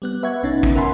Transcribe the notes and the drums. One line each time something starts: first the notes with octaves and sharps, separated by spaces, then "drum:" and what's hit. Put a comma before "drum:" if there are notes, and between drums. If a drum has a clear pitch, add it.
G3 B3 F#6
B4 E5 F#5 C#6 G#6
B1 B2 C#4 D#4 A6
drum: kick
A#4 E5 F#5 G#5 B5 C6